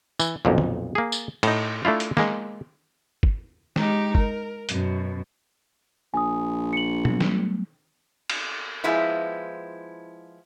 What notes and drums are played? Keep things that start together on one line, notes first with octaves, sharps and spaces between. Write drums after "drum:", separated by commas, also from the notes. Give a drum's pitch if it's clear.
E3, drum: tambourine
B1 F2 A#2
drum: tom
A#3 G#4
drum: tambourine
A2 D#4, drum: cymbal
A3 D4 E4 F4
drum: hi-hat
G#3 A#3, drum: snare
drum: kick
G#3 D#4 G4, drum: snare
A#4, drum: kick
F#2 B2, drum: hi-hat
A#1 G#5 D#6
C#7 F#7
F#3 G3 B3, drum: tom
F#3 G3 A3, drum: snare
drum: cymbal
F3 G#3 B3 E4